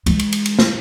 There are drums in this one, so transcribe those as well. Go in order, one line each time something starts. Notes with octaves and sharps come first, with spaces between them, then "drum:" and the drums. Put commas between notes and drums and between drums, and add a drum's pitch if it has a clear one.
E3 G#3, drum: cymbal
drum: cymbal
drum: cymbal
drum: cymbal
drum: snare